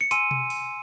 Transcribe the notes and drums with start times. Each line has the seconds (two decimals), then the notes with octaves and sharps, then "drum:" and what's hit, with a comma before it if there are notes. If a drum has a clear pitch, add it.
0.01 C#7
0.11 G#5 C6 E6 D#7, drum: hi-hat
0.31 drum: tom B2
0.50 drum: open hi-hat